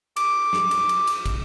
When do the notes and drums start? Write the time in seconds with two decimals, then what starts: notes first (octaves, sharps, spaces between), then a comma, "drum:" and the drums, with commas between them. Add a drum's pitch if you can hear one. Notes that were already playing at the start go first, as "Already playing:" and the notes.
0.16 D6, drum: cymbal
0.53 drum: snare
0.71 drum: cymbal
0.89 drum: cymbal
1.07 drum: cymbal
1.26 drum: kick, cymbal